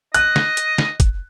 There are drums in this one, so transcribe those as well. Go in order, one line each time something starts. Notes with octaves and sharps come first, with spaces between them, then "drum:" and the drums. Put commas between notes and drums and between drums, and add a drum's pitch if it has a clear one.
D#5 F#6, drum: hi-hat
drum: snare
drum: hi-hat
drum: snare
drum: kick, hi-hat